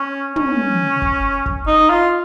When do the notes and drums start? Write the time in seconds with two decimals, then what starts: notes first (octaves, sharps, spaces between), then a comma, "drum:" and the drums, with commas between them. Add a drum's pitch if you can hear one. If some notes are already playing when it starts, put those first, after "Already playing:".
Already playing: C#4
0.36 C#4, drum: tom
1.02 drum: kick
1.46 drum: kick
1.67 D#4
1.90 F4